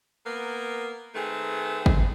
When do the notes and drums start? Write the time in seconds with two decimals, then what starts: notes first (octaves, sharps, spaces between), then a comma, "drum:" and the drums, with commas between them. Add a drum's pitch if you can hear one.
0.25 A#3 B3 A#4
1.15 D#3 A3 C4 G#4 B4
1.86 drum: kick